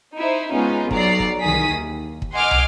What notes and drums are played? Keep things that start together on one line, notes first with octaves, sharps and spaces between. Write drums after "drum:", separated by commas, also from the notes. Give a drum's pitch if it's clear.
D#4 E4 C5
G#3 B3 C#4 D#4 F4
B1 F#3 D5 A#5 C7, drum: kick
drum: kick
C2 D#3 E3 G#4 D#6 B6
D#2
drum: kick
D#5 F#5 G#5 C6 D6 F6
drum: tom